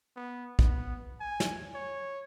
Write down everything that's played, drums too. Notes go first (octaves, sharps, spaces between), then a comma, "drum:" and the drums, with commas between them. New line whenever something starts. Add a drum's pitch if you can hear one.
B3
B3, drum: kick
G#5
drum: snare
C#5